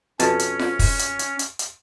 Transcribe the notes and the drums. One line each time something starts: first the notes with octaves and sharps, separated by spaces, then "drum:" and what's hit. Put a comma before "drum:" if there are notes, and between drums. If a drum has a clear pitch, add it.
F2 B2 C#4 A5, drum: hi-hat
drum: hi-hat
drum: snare F4
drum: kick, open hi-hat
drum: hi-hat
drum: hi-hat
drum: hi-hat
drum: hi-hat